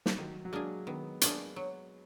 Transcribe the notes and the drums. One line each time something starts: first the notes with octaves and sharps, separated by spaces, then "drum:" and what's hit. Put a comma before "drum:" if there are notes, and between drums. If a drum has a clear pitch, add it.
drum: snare
D#3 F#3
F#3
G#3 A#3 D4 G#4
D#3 B3
A#3 D4 G#4, drum: hi-hat
F#3